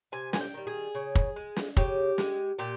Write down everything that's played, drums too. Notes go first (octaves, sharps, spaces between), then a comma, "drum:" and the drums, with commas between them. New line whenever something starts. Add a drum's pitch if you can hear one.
C3 G#5
G#5, drum: snare
G5
D#3 G3
G#4
C#3
drum: kick
G#3
drum: snare
C#3 G4, drum: kick
G#3, drum: snare
A#2 G4